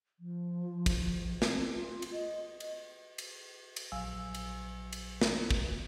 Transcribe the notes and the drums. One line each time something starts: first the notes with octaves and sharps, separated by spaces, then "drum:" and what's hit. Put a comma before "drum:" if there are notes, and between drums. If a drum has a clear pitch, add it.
F3
drum: kick, cymbal
C4, drum: snare
F4
drum: cymbal
D#5
drum: cymbal
drum: cymbal
drum: cymbal
A#1 F#3 F5 G#5 E6
drum: cymbal
drum: cymbal
drum: snare
drum: kick